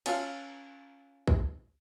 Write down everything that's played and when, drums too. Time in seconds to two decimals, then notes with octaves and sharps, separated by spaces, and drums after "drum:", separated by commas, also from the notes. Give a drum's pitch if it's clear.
0.06 C#4 F4 A4 E5 F5, drum: cymbal
1.27 drum: kick